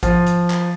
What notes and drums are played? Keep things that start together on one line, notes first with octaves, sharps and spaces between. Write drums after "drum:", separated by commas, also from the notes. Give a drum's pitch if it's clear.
F3, drum: kick A1, hi-hat
drum: hi-hat
drum: clap